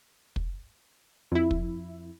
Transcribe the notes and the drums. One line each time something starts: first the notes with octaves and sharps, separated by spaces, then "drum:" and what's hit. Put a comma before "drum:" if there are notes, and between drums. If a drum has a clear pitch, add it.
drum: kick
F2 E4
drum: kick